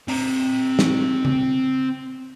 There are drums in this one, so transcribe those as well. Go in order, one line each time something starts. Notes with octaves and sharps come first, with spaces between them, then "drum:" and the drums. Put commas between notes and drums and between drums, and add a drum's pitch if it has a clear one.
C4 A#5, drum: open hi-hat
drum: snare
drum: tom C#3